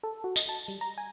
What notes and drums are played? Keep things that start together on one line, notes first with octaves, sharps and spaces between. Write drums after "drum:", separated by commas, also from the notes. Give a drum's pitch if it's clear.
A4
F#4
D#5, drum: tambourine
A5
G3
A#5
G#5